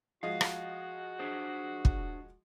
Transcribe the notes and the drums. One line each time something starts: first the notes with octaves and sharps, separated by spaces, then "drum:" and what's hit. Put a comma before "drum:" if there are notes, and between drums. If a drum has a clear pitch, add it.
F3 G#3 F#4 D#5 F5
drum: rim click
D4 G#4 C5
drum: kick